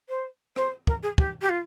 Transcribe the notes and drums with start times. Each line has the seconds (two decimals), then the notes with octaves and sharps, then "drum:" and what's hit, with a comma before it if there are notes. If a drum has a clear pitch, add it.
0.09 C5
0.56 C5, drum: rim click
0.87 A#4, drum: kick
1.03 G#4
1.18 G4, drum: kick
1.42 G4
1.49 F4